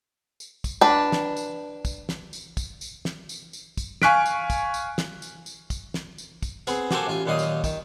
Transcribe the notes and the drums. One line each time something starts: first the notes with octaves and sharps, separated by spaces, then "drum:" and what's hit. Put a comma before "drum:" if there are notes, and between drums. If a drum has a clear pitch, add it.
drum: tambourine
drum: kick, tambourine
D4 B4
drum: snare
drum: tambourine
drum: kick, tambourine
drum: snare
drum: tambourine
drum: kick, tambourine
drum: tambourine
drum: snare
drum: tambourine
drum: tambourine
drum: kick, tambourine
F5 G#5 C#6 F#6 B6 D7, drum: snare
drum: tambourine
drum: kick, tambourine
drum: tambourine
drum: snare
drum: tambourine
drum: tambourine
drum: kick, tambourine
drum: snare
drum: tambourine
drum: kick, tambourine
B3 C4 G#4, drum: tambourine
A#3 F#4 G4 A4 C5 G#5, drum: snare
A1 F4 G#5
D#2 A#2 F#3 D#4 F5 D#6
drum: tambourine
D#3, drum: kick, tambourine